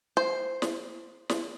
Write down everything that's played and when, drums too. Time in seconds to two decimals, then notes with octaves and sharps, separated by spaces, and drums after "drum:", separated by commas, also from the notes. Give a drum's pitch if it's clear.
0.17 C5
0.62 drum: snare
1.29 drum: snare